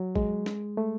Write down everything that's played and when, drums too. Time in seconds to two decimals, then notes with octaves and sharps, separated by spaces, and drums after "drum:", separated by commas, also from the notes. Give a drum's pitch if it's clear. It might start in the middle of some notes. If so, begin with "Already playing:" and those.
Already playing: F#3
0.15 G#3, drum: kick
0.46 drum: snare
0.77 A3